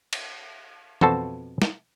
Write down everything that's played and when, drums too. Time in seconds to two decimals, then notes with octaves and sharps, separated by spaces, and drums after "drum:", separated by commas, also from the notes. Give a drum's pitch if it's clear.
0.13 drum: cymbal
1.01 F2 B2 F#4 A4 C5 A5, drum: tom
1.62 drum: snare